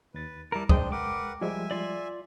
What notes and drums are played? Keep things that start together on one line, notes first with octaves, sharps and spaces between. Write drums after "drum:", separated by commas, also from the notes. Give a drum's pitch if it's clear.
D#2 B4 A6
G3 E4 A#4 A5
G#3 D4 C5 G5 D#6, drum: kick
A#4 B4 F#5 D6
F3 G3 G#3 E5 G#5
F4 D5